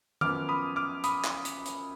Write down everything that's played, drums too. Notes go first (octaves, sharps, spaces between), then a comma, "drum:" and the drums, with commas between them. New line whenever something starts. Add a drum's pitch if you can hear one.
F#2 F3 B3 D6 F6, drum: tom D#3
B5 D#6
D6 F6
B5 D#6, drum: hi-hat
drum: clap
drum: hi-hat
drum: hi-hat